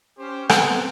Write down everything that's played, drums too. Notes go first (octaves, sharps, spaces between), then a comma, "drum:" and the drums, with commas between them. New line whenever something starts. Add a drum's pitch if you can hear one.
C#4 G4 C5
B3 C4 A4 F#5, drum: rim click